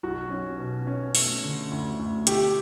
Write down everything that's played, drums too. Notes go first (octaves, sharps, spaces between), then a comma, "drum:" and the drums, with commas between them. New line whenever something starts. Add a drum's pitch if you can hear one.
B1 F#4
C#4
B2
C#4
A3, drum: open hi-hat
D3
D2
D2
A3 G4, drum: hi-hat